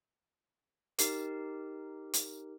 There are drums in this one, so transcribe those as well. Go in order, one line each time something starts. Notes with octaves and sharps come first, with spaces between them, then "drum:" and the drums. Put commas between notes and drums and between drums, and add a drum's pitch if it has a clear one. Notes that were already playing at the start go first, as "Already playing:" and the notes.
D#4 G4 A#4, drum: hi-hat
drum: hi-hat